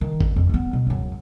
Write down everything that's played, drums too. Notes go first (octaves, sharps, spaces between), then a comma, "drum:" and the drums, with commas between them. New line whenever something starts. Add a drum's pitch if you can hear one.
D#3
F2, drum: kick G#1
F2
G#3 B3
B2
C#2 F#2